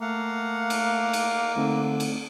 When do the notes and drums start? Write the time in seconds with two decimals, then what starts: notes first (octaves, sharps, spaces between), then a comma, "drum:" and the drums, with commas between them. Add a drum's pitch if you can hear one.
0.01 A3 A#3 F5 F#5
0.70 drum: cymbal
1.13 drum: cymbal
1.57 D3 A3 C4 D#4
2.00 drum: cymbal